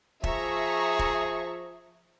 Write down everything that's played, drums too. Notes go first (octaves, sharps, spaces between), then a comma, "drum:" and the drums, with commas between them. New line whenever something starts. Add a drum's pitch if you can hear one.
F3 G#4 E5 A#5 C#6, drum: kick
drum: kick